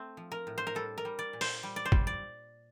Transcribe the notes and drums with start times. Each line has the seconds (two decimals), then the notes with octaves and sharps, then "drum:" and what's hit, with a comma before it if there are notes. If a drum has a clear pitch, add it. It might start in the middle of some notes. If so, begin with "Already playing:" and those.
Already playing: A3 C4
0.17 F3
0.32 A#4
0.47 A2
0.58 C5
0.67 A#4
0.75 G3 A4
0.98 A#4
1.05 G3
1.19 D5
1.33 A#2
1.41 C5, drum: open hi-hat
1.63 G3
1.76 D5
1.85 C5
1.92 G3, drum: kick G#1
2.07 D5